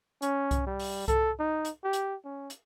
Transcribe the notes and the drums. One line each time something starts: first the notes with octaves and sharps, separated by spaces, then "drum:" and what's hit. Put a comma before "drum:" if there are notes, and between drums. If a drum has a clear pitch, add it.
C#4, drum: hi-hat
drum: kick C2, hi-hat
G3
drum: open hi-hat
A4, drum: kick C2, hi-hat
D#4
drum: hi-hat
G4
drum: hi-hat
C#4
drum: hi-hat